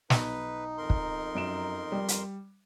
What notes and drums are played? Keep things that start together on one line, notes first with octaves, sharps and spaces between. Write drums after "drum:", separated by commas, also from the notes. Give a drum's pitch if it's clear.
B1 D#4 B4, drum: snare
F2 A#4 C6
drum: kick
F#2 D7 E7
G3
drum: hi-hat